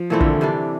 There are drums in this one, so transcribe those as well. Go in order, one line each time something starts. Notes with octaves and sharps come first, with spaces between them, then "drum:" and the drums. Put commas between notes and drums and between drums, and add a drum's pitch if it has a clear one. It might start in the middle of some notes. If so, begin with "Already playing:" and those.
Already playing: F3
A#2 E3 A3 C4 E4
D3, drum: kick
E3
C3 G3 D4